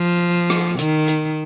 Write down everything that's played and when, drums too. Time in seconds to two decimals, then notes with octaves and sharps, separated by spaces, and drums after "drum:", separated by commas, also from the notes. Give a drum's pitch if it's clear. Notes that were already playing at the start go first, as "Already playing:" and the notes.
Already playing: F3
0.50 drum: rim click
0.79 D#3, drum: hi-hat
1.08 drum: hi-hat